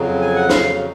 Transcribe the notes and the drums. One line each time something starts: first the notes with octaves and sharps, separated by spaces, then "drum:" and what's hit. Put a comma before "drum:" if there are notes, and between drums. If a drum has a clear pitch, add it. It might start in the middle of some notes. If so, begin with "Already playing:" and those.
Already playing: F2 C#3 F#3
G#5
F#5
F5, drum: snare